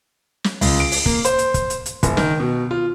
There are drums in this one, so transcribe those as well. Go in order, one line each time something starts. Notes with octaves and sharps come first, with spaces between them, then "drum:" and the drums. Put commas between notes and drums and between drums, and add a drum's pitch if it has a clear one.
drum: snare
C#2, drum: open hi-hat
D7
drum: open hi-hat
A#3, drum: kick
C5, drum: hi-hat
drum: hi-hat
drum: kick, hi-hat
drum: hi-hat
drum: hi-hat
F#1, drum: kick, hi-hat
D#3, drum: snare
B2
F4